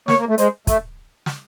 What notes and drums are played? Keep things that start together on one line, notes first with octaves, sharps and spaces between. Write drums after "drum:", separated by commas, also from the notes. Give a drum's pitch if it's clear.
A#3 C#5, drum: snare
A#3
A3
G#3 C5, drum: hi-hat
A3, drum: kick, hi-hat
drum: snare